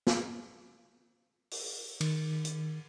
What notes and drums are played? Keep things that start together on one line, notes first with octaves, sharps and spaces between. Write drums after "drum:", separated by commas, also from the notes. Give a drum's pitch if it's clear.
drum: snare
drum: open hi-hat
D#3, drum: cymbal
drum: hi-hat